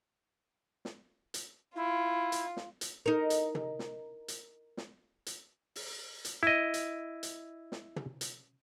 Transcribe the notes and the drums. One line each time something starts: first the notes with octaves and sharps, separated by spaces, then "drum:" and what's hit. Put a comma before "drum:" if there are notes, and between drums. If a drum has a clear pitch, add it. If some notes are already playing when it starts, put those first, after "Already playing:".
drum: snare
drum: hi-hat
E4 F4
drum: hi-hat
drum: snare
drum: hi-hat
D#4 A#4
drum: hi-hat
drum: tom
drum: snare
drum: hi-hat
drum: snare
drum: hi-hat
drum: open hi-hat
drum: hi-hat
E4 D#5
drum: hi-hat
drum: hi-hat
drum: snare
drum: tom
drum: hi-hat